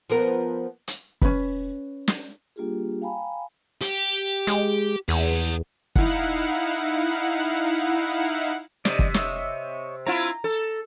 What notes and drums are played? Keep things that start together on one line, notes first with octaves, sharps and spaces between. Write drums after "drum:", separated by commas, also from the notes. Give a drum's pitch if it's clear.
F3 B3 A#4
drum: hi-hat
C#4 B4, drum: kick
drum: snare
G3 A#3 D4 F4 G4 G#4
F5 G5 G#5 A#5 B5
G4, drum: hi-hat
G#3, drum: hi-hat
E2 G#4 F#5
D#4 E4 F5 F#5, drum: kick
C3 D5 D#5, drum: snare
drum: kick
C#5 D#5 E5, drum: snare
C4 E4 F4 A#5
A4